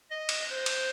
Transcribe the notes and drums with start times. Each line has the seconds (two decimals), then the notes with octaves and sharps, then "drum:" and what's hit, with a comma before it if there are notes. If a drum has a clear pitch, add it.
0.10 D#5
0.29 drum: cymbal
0.50 C5
0.66 drum: cymbal